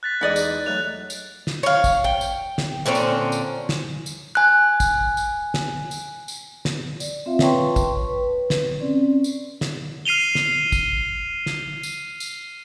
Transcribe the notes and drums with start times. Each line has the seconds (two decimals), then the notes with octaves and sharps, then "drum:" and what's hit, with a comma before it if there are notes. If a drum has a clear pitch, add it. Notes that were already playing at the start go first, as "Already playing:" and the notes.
0.03 F#6 A6 B6
0.21 E2 G#3 D#4 D5 D#5
0.36 drum: tambourine
0.66 F#3 A3 F#6 F7
1.10 drum: tambourine
1.47 drum: snare
1.63 C#5 F5
1.84 drum: kick, tambourine
2.04 G5
2.21 drum: tambourine
2.58 drum: snare
2.86 A#2 D3 C4 C#4
2.95 drum: tambourine
3.32 drum: tambourine
3.69 drum: snare
4.06 drum: tambourine
4.35 G#5 F#6
4.80 drum: kick, tambourine
5.17 drum: tambourine
5.54 drum: snare
5.91 drum: tambourine
6.28 drum: tambourine
6.65 drum: snare
7.00 D5, drum: tambourine
7.26 C4 F4 E5 F5
7.39 B4 C#5 G5 A5 C6 C#6, drum: snare
7.76 drum: kick, tambourine
8.08 B4
8.50 drum: snare
8.79 C4 C#4 D5
9.24 drum: tambourine
9.61 drum: snare
10.05 F6 C7 D#7 F7 G7
10.35 drum: snare
10.72 drum: kick, tambourine
11.46 drum: snare
11.83 drum: tambourine
12.20 drum: tambourine